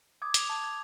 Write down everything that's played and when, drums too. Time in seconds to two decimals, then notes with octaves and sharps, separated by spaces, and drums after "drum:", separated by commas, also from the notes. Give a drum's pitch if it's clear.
0.22 D6 D#6 G#6
0.34 D6 F7, drum: hi-hat
0.49 A5 G#6
0.64 G#6